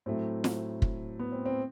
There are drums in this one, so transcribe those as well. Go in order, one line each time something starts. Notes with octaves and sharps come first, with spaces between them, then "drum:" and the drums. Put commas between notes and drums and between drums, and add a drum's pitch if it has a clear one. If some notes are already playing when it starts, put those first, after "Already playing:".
A2 F#3 A3 C4
drum: snare
drum: kick
B3
C4
C4